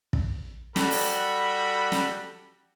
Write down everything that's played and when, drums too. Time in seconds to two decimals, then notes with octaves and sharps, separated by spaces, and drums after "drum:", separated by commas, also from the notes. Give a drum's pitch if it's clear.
0.13 drum: kick
0.76 G3 F#4 A4 B5, drum: snare
0.91 drum: open hi-hat
1.92 drum: snare